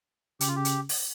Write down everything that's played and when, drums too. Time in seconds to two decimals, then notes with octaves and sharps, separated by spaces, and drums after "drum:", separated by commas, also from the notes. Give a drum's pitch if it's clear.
0.41 C#3 G4, drum: hi-hat
0.48 F4
0.56 G4
0.65 drum: hi-hat
0.89 drum: open hi-hat